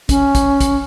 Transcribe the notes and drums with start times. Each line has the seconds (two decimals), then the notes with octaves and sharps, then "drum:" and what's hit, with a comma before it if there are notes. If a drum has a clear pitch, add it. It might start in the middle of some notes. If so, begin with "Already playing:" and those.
0.09 C#4, drum: kick, hi-hat
0.35 drum: kick, hi-hat
0.61 drum: kick, hi-hat